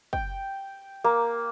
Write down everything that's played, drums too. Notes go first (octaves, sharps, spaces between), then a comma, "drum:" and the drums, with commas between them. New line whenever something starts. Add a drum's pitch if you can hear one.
G5, drum: kick
A#3